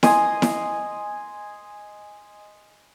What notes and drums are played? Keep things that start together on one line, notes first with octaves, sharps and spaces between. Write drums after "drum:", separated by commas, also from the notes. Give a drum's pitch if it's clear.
D#5 G#5 C6 D#6, drum: snare E4
drum: snare E4